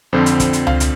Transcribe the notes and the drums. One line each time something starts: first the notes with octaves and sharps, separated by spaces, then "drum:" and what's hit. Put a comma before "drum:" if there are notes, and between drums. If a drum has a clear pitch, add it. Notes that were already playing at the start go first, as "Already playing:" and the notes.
F2 D3 F3 C4 C5
drum: hi-hat
drum: kick, hi-hat
drum: hi-hat
F5, drum: tom C#2
drum: hi-hat